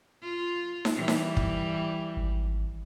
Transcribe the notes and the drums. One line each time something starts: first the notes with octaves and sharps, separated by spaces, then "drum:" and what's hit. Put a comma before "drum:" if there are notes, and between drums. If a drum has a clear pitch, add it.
F4
drum: snare D#4
E3 G3
drum: snare D#4
drum: kick
G#1